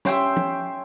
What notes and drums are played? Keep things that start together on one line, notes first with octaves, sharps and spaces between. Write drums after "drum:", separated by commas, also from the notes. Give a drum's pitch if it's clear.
C#4 G4 E5 G5 C6, drum: snare
drum: tom F3